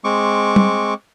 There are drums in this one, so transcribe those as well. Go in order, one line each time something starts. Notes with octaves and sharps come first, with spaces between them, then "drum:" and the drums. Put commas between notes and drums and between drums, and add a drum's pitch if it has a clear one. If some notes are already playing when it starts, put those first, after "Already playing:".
G#3 C4 C#6 D6
drum: tom